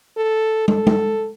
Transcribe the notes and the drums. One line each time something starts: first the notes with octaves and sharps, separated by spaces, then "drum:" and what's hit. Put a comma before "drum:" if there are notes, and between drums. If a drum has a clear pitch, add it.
A4
A4, drum: tom
drum: tom